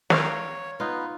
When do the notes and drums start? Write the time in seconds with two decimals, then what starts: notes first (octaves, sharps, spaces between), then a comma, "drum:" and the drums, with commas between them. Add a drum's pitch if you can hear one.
0.10 A#4 C#5 F5, drum: snare
0.80 B3 D#4 F4 B4